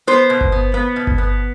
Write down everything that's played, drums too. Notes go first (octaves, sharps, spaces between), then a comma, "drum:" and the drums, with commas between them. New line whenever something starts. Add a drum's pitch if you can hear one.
B3 C5
B2
drum: kick G1
B3
B3
B2
drum: kick G1
B3